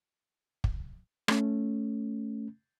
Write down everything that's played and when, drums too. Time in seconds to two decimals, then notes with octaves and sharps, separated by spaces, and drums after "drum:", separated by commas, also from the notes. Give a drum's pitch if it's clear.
0.64 drum: kick
1.28 A3 C#4, drum: rim click